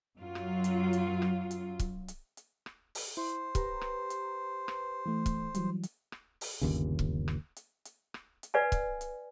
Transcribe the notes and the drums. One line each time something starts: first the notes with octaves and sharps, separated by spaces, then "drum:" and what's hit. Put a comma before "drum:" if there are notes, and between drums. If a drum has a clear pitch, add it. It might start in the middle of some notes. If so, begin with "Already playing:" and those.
F#2 F#3 F4
drum: rim click
drum: hi-hat
drum: hi-hat
drum: rim click
drum: hi-hat
drum: kick, hi-hat
drum: hi-hat
drum: hi-hat
drum: rim click
drum: open hi-hat
E4 C5
G4 B4 A#5, drum: kick, hi-hat
drum: rim click
drum: hi-hat
drum: rim click
E3 A3
drum: kick, hi-hat
E3 F#3 G3, drum: hi-hat
drum: hi-hat
drum: rim click
drum: open hi-hat
G1 D#2 C#3
drum: kick
drum: rim click
drum: hi-hat
drum: hi-hat
drum: rim click
drum: hi-hat
B4 D5 F5 F#5 G#5
drum: kick, hi-hat
drum: hi-hat